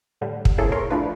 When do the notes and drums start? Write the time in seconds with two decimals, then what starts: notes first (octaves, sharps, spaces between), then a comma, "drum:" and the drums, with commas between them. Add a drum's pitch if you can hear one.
0.21 A2 D3 G3
0.45 drum: kick
0.58 A#3 C4 C#4 E4 G#4 A4
0.72 A#4 C#5 C6
0.90 E3 F3 A3 D4 F4 B4